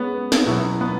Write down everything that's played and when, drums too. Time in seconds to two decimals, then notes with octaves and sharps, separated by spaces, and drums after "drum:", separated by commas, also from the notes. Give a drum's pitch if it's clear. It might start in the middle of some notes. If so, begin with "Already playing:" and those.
Already playing: G#3 B3 C#4 G#4 B4
0.32 drum: snare
0.46 B2 F#3 C#4 E4
0.81 B3